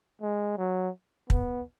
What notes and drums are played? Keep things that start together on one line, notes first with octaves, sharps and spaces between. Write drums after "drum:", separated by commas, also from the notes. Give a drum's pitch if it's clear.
G#3
F#3
B3, drum: kick